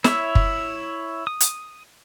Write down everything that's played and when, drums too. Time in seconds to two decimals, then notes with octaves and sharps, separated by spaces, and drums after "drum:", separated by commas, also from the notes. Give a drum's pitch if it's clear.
0.04 E4 C#5 E5, drum: snare
0.35 drum: kick
1.27 D#6
1.40 drum: hi-hat